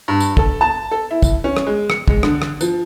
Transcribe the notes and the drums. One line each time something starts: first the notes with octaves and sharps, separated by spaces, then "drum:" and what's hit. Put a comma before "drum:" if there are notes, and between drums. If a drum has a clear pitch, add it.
G2
drum: tambourine
A4, drum: kick
A5
A4
E4
drum: kick, tambourine
C#4
drum: rim click
G#3
C#7, drum: rim click
G#3, drum: kick
D3, drum: rim click
drum: rim click
F3, drum: tambourine